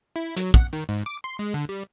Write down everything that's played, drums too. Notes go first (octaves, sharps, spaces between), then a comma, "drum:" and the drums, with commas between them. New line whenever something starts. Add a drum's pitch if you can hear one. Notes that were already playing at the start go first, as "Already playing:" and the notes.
E4
F#3, drum: hi-hat
F#5, drum: kick
D#3
G#2
D6
C6
G#3
D3
G3